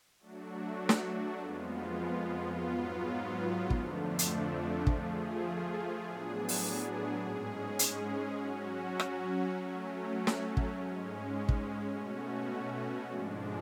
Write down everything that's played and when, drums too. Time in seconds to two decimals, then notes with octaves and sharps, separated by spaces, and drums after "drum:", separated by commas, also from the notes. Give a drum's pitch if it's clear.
0.20 F#3 A3 D4 F#4
0.89 drum: snare
1.37 F2 F3 G#3 B3 F4
2.53 G#2 F#3 B3 F4
3.70 F2 D3 F3 A3 D4, drum: kick
4.19 drum: hi-hat
4.87 F3 A3 F4 G#4, drum: kick
6.03 A2 F#3 B3 D4 G#4
6.49 drum: open hi-hat
7.20 G#2 G#3 C#4 G#4
7.79 drum: hi-hat
8.37 F#3 C#4 F#4
9.00 drum: rim click
9.54 F#3 A3 C#4
10.27 drum: snare
10.57 drum: kick
10.70 G#2 G#3 C#4
11.49 drum: kick
11.87 B2 A3 C#4 F#4
13.04 G#2 F3 G#3 D4